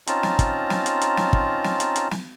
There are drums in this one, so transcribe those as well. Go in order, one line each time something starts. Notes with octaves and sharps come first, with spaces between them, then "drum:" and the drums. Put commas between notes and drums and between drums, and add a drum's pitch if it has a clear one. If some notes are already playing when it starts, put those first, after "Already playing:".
C4 C#4 D#4 F4 A5 A#5, drum: hi-hat
drum: snare
drum: kick, hi-hat
drum: snare
drum: hi-hat
drum: hi-hat
drum: snare
drum: kick
drum: snare
drum: hi-hat
drum: hi-hat
drum: snare